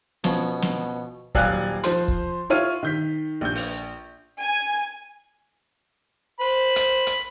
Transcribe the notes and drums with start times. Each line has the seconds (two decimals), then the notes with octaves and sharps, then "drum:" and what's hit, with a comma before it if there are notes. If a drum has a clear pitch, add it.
0.24 B2 F3 B3 C#4, drum: snare
0.62 drum: snare
1.35 D#1 F#3 D5 F5 G#5 F#6, drum: kick
1.83 F3 C5 C6, drum: hi-hat
2.08 drum: kick
2.50 E4 F4 C#5 F6 D#7
2.83 D#3 G6 B6
3.41 A#1 G6
3.56 drum: open hi-hat
4.41 G#5
6.40 C5 B5
6.76 drum: hi-hat
7.07 drum: hi-hat